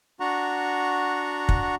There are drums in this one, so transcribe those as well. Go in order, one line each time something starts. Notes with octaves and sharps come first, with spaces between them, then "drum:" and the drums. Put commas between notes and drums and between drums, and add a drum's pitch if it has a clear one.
D4 F#4 F#5 A#5 C#6
drum: kick